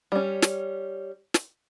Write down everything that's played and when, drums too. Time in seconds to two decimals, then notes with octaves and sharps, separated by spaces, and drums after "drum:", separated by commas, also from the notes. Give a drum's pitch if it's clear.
0.12 G3 C#4
0.42 drum: snare
1.34 drum: snare